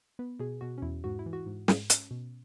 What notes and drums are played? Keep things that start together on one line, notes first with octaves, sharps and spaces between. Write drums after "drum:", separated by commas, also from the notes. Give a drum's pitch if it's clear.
B3 B4
B2 G#4
B2 F#4
C#4
E2 E4
G#2 F#4
E4
E3
F#4
G#2
G#2, drum: snare
C#4, drum: hi-hat
B2